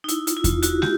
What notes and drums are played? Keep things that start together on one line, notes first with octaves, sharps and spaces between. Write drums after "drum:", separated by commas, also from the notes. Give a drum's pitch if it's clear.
D#4
E4, drum: hi-hat
F4, drum: hi-hat
E4
F4, drum: kick E2, hi-hat
E4 F#4, drum: hi-hat
F4 G4, drum: snare